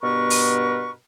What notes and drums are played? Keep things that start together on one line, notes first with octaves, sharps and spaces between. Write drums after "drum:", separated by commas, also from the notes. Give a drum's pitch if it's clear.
G2 B2 B3 A#4 B4 C#6
drum: open hi-hat